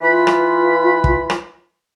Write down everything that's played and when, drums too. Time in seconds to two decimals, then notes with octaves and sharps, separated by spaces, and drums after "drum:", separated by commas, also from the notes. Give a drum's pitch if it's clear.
0.01 E3 F4 B4 B5
0.27 drum: rim click
1.04 drum: kick
1.30 drum: rim click